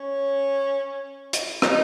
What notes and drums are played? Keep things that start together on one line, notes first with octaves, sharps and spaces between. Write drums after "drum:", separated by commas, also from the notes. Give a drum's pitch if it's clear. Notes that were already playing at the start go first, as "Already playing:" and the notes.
Already playing: C#4
drum: hi-hat
D#4, drum: rim click